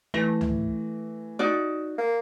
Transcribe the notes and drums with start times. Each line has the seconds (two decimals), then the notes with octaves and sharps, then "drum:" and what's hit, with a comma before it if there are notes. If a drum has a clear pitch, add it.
0.14 E3 A3 A#6
0.41 drum: tom C#2
1.39 D#4 F#4 D5
1.98 A#3